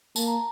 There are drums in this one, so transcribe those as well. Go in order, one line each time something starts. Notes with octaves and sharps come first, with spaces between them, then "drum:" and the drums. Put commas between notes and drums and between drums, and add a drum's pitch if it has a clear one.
A#3 A5, drum: tambourine
A#5